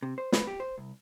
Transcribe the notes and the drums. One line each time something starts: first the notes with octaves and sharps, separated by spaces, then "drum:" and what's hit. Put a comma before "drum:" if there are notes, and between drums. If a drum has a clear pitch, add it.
C3
C5
B4, drum: snare
G4
C5
C2